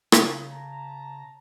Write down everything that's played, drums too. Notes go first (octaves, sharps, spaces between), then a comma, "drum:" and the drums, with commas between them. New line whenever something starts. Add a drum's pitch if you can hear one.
C#3, drum: rim click
A5 A#5